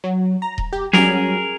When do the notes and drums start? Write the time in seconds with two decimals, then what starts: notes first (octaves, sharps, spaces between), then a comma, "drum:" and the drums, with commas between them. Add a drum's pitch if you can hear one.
0.04 F#3
0.42 A#5
0.58 drum: kick D#1
0.73 G4
0.93 F#3 G3 C#4 G#4 A#4, drum: snare